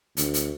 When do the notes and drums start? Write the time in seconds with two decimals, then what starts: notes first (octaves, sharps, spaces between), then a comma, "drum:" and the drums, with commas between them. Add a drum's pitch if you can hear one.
0.17 D2, drum: hi-hat
0.34 drum: hi-hat